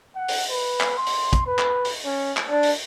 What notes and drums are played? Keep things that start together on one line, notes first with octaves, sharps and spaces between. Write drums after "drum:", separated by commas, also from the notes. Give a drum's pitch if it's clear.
F#5
drum: open hi-hat
B4
drum: clap
C6
drum: open hi-hat
drum: kick, hi-hat
B4
drum: clap
drum: open hi-hat
C#4
drum: clap
D4
drum: open hi-hat